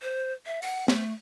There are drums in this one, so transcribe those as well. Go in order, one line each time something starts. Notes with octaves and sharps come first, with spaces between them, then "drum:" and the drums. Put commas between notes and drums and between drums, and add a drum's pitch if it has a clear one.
C5
E5
F#5, drum: open hi-hat
A3, drum: snare